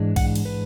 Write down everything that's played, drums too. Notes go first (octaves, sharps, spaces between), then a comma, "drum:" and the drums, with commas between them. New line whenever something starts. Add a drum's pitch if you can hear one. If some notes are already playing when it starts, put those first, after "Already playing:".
Already playing: G#2 E3 G#3 D4
F#5, drum: kick A#1, cymbal
drum: cymbal
B4